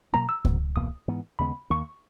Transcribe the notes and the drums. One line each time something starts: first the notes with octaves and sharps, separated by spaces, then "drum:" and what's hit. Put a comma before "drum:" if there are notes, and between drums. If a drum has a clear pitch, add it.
B2 F#3 A#3 C#4 A#5
E6
G#2 D#3 F#3 B3, drum: kick C#2
E2 B2 A#3 D#6
G#2 E3 B3
D#2 C#3 G#3 B3 B5
D#2 D#3 A#3 C#6